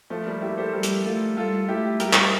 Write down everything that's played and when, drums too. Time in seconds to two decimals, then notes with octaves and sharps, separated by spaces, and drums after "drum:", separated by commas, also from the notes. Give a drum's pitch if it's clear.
0.10 F3 A3
0.26 G3 A#3
0.42 E4 G4
0.57 A4 C5
0.73 G3 G4 A#4
0.83 drum: hi-hat
1.05 A3 F4 A4
1.37 G3 F4 A4
1.68 A3 E4 G4
2.00 G3 G4 A#4, drum: hi-hat
2.13 drum: clap